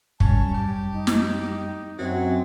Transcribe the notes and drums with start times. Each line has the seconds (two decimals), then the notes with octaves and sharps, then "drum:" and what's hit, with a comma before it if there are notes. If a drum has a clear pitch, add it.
0.20 F#2 G3 C#4 A5, drum: kick
0.54 G4
0.92 D#4
1.07 drum: snare
1.99 F#2 F#3 C4 F#4